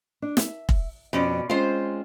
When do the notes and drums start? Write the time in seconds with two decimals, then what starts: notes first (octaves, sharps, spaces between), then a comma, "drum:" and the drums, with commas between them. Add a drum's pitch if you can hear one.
0.22 D4
0.37 E5, drum: snare
0.69 drum: kick
1.13 F2 B2 C#4 D5
1.50 G#3 C4 C#4 F4 C5